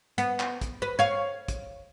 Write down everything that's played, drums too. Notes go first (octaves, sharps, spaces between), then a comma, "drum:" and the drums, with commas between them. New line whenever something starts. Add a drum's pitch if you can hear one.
B3, drum: hi-hat
drum: clap
drum: kick, hi-hat
B4
C#5 F5
drum: kick, hi-hat